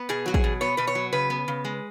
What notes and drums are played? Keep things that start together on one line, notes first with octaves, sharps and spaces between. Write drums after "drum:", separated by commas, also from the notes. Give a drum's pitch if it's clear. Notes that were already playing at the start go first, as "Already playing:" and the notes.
Already playing: B3
B2 G#4
F#3 F#4
G#4, drum: kick
B2
B3 C#5
B2 B4
C#5
F#3
C#3 B4
B3
C#3
G#3